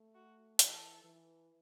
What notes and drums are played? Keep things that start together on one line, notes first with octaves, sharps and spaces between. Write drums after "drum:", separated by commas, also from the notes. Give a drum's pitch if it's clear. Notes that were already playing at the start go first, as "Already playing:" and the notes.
Already playing: A3
F#4
E3 A4, drum: hi-hat
E3